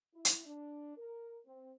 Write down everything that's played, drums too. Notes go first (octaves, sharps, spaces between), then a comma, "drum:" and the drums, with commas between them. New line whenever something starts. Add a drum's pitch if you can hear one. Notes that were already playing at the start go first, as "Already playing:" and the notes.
E4
drum: hi-hat
D4
A#4
C4